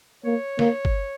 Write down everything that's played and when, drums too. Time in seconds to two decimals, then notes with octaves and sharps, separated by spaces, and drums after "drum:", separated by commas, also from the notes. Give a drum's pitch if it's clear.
0.24 A#3 C#5
0.59 A#3, drum: snare
0.85 drum: kick